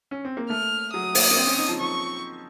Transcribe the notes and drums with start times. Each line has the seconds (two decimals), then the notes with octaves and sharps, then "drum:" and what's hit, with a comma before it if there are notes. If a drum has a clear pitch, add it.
0.11 C#4
0.25 C4
0.37 A#3
0.50 A3 F6
0.93 F#3 D#6
1.15 A#3, drum: open hi-hat
1.31 A#3
1.36 C4
1.47 C#4
1.58 D#4
1.68 F3
1.80 F3 C#6